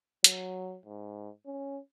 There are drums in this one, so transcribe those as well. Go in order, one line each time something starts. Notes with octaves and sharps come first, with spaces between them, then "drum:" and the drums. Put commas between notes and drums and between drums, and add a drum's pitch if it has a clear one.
F#3, drum: hi-hat
G#2
C#4